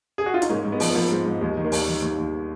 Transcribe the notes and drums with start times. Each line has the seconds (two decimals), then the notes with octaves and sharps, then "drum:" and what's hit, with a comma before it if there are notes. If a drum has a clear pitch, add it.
0.18 G#4
0.26 F#4
0.34 F4
0.42 D#4, drum: hi-hat
0.50 G#2 A#3 C#4
0.65 G#2
0.72 G#3 B3
0.80 F3, drum: open hi-hat
0.90 B3
0.95 F3 A#3
1.11 G#2
1.26 G#2
1.41 D#2 G#3
1.57 D#3
1.65 A#3
1.72 D#2, drum: open hi-hat
1.88 D#3
2.02 D#2
2.18 D#2